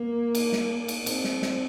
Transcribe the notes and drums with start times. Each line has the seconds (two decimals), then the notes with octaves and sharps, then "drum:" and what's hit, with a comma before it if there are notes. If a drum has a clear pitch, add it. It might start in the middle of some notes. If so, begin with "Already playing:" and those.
Already playing: A#3
0.35 drum: cymbal
0.53 drum: snare
0.88 drum: cymbal
1.06 C4, drum: cymbal
1.24 drum: snare
1.42 drum: snare